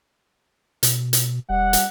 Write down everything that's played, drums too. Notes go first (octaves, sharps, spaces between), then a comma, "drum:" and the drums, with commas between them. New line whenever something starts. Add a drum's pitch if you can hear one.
B2, drum: hi-hat
drum: hi-hat
E1 G3 D5 F#5
drum: hi-hat